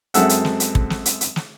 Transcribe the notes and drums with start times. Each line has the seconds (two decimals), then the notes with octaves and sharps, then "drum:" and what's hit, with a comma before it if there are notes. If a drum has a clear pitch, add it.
0.14 F#2 G#3 C4 A4 E5 F#5, drum: hi-hat
0.29 drum: hi-hat
0.45 drum: snare
0.60 drum: hi-hat
0.75 drum: kick
0.90 drum: snare
1.06 drum: hi-hat
1.21 drum: hi-hat
1.36 drum: snare